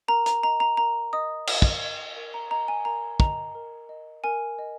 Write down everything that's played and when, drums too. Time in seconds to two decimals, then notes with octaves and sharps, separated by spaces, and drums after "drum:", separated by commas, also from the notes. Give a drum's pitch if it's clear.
0.08 A#4 A#5
0.26 A#5, drum: hi-hat
0.43 D#5 A#5
0.60 A#5
0.77 A#4 A#5
1.13 D#5 D#6
1.47 A#4, drum: cymbal
1.62 drum: kick
1.82 D#5
2.17 A#4
2.34 A#5
2.51 D#5 A#5
2.68 G#5
2.85 A#4 A#5
3.20 D#5 A#5, drum: kick
3.55 A#4
3.89 D#5
4.24 A#4 G#5
4.59 D#5